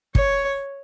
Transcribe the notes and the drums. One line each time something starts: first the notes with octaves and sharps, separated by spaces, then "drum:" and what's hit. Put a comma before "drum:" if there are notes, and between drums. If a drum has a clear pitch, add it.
C#5, drum: kick